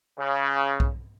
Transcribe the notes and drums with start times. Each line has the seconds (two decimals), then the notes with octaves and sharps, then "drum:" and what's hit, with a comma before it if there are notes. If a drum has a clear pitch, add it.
0.18 C#3
0.80 drum: kick B1